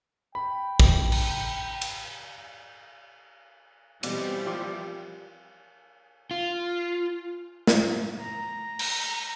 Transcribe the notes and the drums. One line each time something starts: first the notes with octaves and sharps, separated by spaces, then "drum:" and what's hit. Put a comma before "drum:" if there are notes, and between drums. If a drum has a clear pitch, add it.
G5 B5
drum: kick
drum: cymbal
drum: cymbal
B2 E3 G3 C4 D5, drum: cymbal
F3 F4 D5
F4
drum: snare
A#5
drum: cymbal